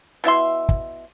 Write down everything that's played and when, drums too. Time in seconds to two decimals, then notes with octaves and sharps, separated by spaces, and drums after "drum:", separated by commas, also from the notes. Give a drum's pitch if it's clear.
0.24 B2 E4 E5 C6
0.69 drum: kick